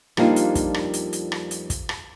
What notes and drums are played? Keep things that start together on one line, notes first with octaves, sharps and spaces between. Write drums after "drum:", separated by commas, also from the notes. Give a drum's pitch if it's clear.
F2 G3 A#3 D4 D#4 F4, drum: rim click
drum: hi-hat
drum: kick, hi-hat
drum: rim click
drum: hi-hat
drum: hi-hat
drum: rim click
drum: hi-hat
drum: kick, hi-hat
drum: rim click